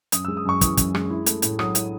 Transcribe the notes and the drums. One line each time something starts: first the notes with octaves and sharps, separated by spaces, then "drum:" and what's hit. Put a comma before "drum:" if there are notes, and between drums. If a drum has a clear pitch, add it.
F#2 D#6, drum: hi-hat
G#3 E6
D#6
F#2 C#6
E3 D#6, drum: kick, hi-hat
F#2, drum: kick, hi-hat
G#3, drum: rim click
E4
A3, drum: hi-hat
A2, drum: hi-hat
F#3 D#6, drum: rim click
E4, drum: hi-hat